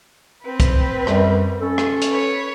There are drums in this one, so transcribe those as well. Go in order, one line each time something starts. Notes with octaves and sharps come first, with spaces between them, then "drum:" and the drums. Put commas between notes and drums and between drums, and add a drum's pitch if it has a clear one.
C4 B4
drum: kick, hi-hat
F#2 G3, drum: rim click
C#4 A4
drum: rim click
drum: hi-hat
B4 C#5